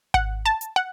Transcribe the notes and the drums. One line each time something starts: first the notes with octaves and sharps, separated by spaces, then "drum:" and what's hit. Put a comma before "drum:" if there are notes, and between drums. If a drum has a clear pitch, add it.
F#5, drum: kick G#1
A5
drum: hi-hat
F#5